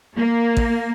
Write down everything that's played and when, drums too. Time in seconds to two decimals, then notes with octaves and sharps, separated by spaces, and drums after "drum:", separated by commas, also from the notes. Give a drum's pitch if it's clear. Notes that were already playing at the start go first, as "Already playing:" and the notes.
0.18 A#3
0.57 drum: kick A1